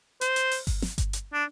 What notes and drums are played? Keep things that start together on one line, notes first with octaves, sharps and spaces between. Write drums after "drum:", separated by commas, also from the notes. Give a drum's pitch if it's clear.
C5, drum: hi-hat
drum: hi-hat
drum: open hi-hat
drum: kick G1, open hi-hat
drum: snare
drum: kick G1, hi-hat
drum: hi-hat
D4